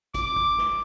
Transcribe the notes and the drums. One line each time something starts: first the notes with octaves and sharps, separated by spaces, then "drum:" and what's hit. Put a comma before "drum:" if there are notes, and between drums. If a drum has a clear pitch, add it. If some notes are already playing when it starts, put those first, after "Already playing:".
D6, drum: kick, hi-hat
drum: kick
drum: snare